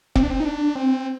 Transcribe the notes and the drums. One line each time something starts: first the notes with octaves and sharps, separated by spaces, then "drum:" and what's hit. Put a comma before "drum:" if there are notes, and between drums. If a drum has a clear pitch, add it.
C4, drum: kick F1
D4
C4
D#4
D4
C4